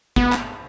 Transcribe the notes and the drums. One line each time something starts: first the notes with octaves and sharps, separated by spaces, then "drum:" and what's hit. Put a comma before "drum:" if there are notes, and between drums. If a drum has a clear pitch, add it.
B3, drum: kick
drum: clap